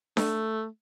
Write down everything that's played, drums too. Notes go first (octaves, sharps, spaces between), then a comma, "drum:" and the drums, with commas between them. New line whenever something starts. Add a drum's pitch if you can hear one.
A3, drum: snare D4